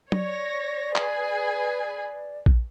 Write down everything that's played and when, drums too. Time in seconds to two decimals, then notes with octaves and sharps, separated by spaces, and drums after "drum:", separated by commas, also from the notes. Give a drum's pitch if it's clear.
0.12 C#5 D5 A#6, drum: tom
0.96 G#4 B4 G#5, drum: clap
2.46 drum: kick A#1